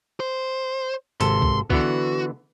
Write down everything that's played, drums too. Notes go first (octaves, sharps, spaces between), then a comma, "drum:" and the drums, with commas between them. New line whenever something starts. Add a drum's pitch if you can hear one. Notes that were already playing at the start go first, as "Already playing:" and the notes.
C5
G#1 C3 A4 C6, drum: hi-hat
drum: kick C2
D3 E3 B3 F#4, drum: kick C2